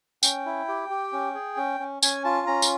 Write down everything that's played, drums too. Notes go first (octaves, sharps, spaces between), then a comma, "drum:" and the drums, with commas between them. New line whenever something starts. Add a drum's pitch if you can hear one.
C#4 G5, drum: tambourine
E4
G4
G4
C#4
G#4
C#4
C#4
C#4 G#5, drum: tambourine
F4 A5
C#4 A#5
drum: tambourine